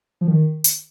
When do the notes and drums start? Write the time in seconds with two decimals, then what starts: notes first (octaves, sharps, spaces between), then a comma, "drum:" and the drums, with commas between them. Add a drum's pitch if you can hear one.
0.21 F3
0.28 D#3
0.64 drum: hi-hat